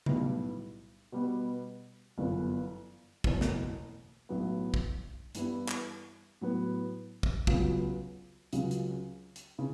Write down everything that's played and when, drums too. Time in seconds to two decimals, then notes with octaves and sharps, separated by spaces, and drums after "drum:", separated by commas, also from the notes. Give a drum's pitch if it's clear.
0.06 B1 A2 G3 B3 E4, drum: tom C3
1.12 B2 G3 B3
2.18 G1 F#2 E3 B3
3.24 F#1 E2 B2, drum: kick
3.41 drum: snare
4.29 B1 A2 F#3 B3
4.74 drum: kick
5.35 G2 E3 G3 B3 E4, drum: hi-hat
5.68 drum: clap
6.41 A2 F#3 B3
7.23 drum: kick
7.47 C#2 C#3 F#3 B3, drum: kick
8.53 C#2 C#3 F#3, drum: hi-hat
8.71 drum: hi-hat
9.36 drum: hi-hat
9.59 C#3 E3